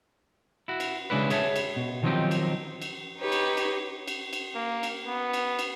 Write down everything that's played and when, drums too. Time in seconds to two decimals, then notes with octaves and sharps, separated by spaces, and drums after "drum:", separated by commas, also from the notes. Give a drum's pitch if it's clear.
0.68 E4 F#4
0.80 drum: cymbal
1.10 C#3 G#3 D4 E4 B4
1.30 G#4 C#5 E5 A5, drum: cymbal
1.56 drum: cymbal
1.76 B2
2.03 D#3 F3 F#3 C4 D#4 G4
2.31 drum: cymbal
2.82 drum: cymbal
3.18 D#4 G4 B4 C#5
3.32 drum: cymbal
3.57 drum: cymbal
4.08 drum: cymbal
4.33 drum: cymbal
4.55 A#3
4.83 drum: cymbal
5.07 B3
5.33 drum: cymbal
5.59 drum: cymbal